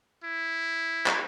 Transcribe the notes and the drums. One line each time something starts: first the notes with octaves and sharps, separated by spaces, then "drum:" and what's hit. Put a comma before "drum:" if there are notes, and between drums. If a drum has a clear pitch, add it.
E4
drum: clap